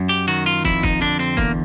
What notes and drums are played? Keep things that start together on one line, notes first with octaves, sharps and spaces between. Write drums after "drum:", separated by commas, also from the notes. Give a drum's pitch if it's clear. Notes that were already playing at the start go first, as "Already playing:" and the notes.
Already playing: F#2
G4
D#3 F#4
F4
F2 E4, drum: kick, hi-hat
D#4, drum: kick, hi-hat
D3 D4
C4, drum: hi-hat
E2 A#3, drum: kick, hi-hat